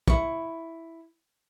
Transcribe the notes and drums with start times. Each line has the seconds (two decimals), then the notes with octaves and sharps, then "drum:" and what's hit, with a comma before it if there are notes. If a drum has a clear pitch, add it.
0.08 E4 C#6, drum: kick